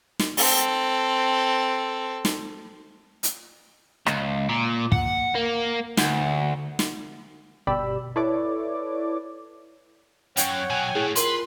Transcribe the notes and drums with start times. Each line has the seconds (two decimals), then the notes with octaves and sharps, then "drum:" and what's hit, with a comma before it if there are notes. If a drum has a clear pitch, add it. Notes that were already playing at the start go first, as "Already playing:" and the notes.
0.19 drum: snare
0.37 C4 A4, drum: open hi-hat
2.25 drum: snare
3.23 drum: hi-hat
4.06 C#2, drum: rim click
4.49 A#2
4.92 F#5, drum: kick
5.35 A#3
5.97 D2, drum: snare
6.79 drum: snare
7.67 G1 B2 G4 D5 B5 E6
8.16 E4 A4 B4 C#5 D5 D6
10.37 F#2 C#5 F#5 G5, drum: hi-hat
10.70 B2 F#3 G#5
10.95 A2 E4 G#4
11.16 F4 A#4 B4 C6, drum: hi-hat